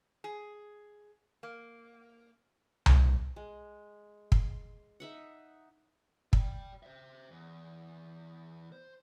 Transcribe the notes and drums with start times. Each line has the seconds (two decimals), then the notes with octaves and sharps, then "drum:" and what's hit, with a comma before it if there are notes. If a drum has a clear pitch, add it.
0.24 G#4
1.43 A#3
2.86 drum: tom C2
3.36 G#3
4.32 C6, drum: kick
5.00 D#4 E5 F#5
6.33 D5 G5, drum: kick
6.83 C5 E5
7.31 E2
8.72 C5